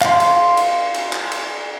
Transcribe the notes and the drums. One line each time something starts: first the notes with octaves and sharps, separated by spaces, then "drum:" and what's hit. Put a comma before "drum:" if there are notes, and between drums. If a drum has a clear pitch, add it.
F5 C6, drum: clap
drum: cymbal
drum: cymbal
drum: cymbal
drum: clap
drum: cymbal